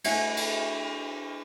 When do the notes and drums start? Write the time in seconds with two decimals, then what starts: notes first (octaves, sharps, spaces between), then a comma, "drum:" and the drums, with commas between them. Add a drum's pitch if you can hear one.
0.04 A3 D4 E4 E5 F#5 G#5, drum: cymbal
0.37 drum: cymbal